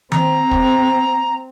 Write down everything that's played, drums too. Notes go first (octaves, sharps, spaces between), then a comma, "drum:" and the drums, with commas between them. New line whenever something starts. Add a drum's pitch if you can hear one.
C4 A#5, drum: tom D#3
drum: kick